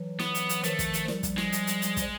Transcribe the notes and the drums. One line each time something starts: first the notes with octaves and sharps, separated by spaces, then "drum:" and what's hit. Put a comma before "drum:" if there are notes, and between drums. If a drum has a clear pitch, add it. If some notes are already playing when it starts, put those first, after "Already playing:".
Already playing: E3 F#3
B3, drum: snare
drum: hi-hat
drum: hi-hat
D#3 F3 A3, drum: hi-hat
drum: kick, hi-hat
drum: hi-hat
F3 G3, drum: snare
drum: kick, hi-hat
G#3, drum: snare
drum: hi-hat
drum: hi-hat
drum: hi-hat
drum: kick, hi-hat